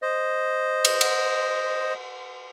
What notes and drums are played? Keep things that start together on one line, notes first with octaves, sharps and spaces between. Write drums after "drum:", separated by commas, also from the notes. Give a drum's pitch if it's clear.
C5 D#5
drum: cymbal
drum: cymbal